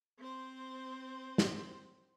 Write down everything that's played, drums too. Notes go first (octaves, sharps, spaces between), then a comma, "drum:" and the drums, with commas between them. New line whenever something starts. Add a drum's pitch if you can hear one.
C4 C5
drum: snare